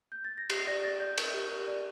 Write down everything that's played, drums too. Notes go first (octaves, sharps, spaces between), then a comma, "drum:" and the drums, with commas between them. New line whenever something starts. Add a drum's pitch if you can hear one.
G6
A6
A#6
G4 C7, drum: cymbal
D5 A#6
D5 A6
D5 G6
A#4, drum: cymbal
G4
A#4
D5